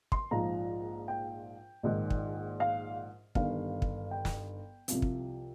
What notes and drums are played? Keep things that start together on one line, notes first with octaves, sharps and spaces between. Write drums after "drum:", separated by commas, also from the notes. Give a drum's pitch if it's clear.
C6, drum: kick
A#1 G#2 F3 A#5
G5
A#1 G#2 D#3
drum: kick
F5
G1 G2 D#3 F5, drum: kick
drum: kick
G5
drum: snare
C2 C3 F3, drum: hi-hat
drum: kick